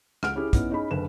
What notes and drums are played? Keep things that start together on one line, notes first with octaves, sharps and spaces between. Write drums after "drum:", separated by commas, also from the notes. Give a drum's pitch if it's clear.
C#2 F#5 F6 D7, drum: rim click
C#4 E4 G4 G#4
B3 C#4 D#4 E4, drum: kick, hi-hat
C#4 D#4 G#4 B5
F#1 D3 B4 E7